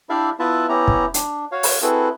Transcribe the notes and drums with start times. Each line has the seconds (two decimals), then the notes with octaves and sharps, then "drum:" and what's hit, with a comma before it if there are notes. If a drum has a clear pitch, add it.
0.10 D4 E4 G4 D5 E5 F5
0.39 B3 E4 F4 B4 E5 A5
0.69 B3 C#4 E4 G4 A#5
0.88 drum: kick
1.14 D4, drum: hi-hat
1.52 F#4 C#5 F5
1.63 drum: open hi-hat
1.82 C4 E4 F#4 G#4 A4 B4